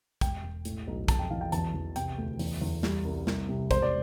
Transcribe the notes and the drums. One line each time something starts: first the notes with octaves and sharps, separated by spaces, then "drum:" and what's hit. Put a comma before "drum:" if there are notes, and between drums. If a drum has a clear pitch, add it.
E1 G5, drum: kick, hi-hat
E1
A2, drum: hi-hat
B1
F2 A5, drum: kick, hi-hat
G5
E3 F5
G5
E2 A5, drum: hi-hat
E2
C3 G5, drum: hi-hat
D2
E2, drum: open hi-hat
E2
G3, drum: snare
C2
C2, drum: snare
C3
E1 C5, drum: kick, hi-hat
D5